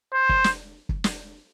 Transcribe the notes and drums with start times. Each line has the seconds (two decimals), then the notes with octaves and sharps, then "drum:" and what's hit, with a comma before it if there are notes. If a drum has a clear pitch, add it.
0.14 C5
0.29 drum: kick
0.44 drum: snare
0.89 drum: kick
1.04 drum: snare